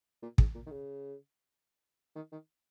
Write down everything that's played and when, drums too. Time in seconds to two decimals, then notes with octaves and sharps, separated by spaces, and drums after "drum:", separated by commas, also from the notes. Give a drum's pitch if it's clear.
0.22 A#2
0.38 G#2, drum: kick
0.55 A#2
0.67 D#3
0.71 C#3
2.16 D#3
2.32 D#3